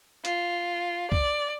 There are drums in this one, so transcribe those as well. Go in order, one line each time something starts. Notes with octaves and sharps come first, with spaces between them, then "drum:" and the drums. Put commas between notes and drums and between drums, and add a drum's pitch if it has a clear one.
F4, drum: hi-hat
D5, drum: kick